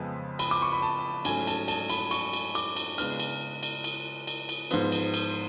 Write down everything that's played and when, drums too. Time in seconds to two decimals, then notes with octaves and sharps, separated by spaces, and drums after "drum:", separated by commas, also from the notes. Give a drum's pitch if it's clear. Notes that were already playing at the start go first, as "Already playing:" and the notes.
Already playing: F2 C#3 F3 G#3 B3
0.39 B5, drum: cymbal
0.51 D6
0.62 C#6
0.72 B5
0.82 A5
1.25 G#2 F#3 A3 C#4 G#5, drum: cymbal
1.47 A5, drum: cymbal
1.68 A5, drum: cymbal
1.90 B5, drum: cymbal
2.11 C#6, drum: cymbal
2.33 drum: cymbal
2.55 D6, drum: cymbal
2.76 drum: cymbal
2.98 C#3 G#3 B3 D4 F6, drum: cymbal
3.20 drum: cymbal
3.63 drum: cymbal
3.84 drum: cymbal
4.27 drum: cymbal
4.49 drum: cymbal
4.71 G#2 F3 B3, drum: cymbal
4.92 drum: cymbal
5.14 drum: cymbal